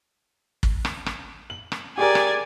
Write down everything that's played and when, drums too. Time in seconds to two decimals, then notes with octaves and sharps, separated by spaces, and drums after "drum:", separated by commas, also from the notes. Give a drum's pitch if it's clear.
0.63 drum: kick
0.85 drum: rim click
1.06 drum: rim click
1.50 F#7
1.72 drum: rim click
1.98 G4 G#4 A#4 D5 G#5
2.15 drum: rim click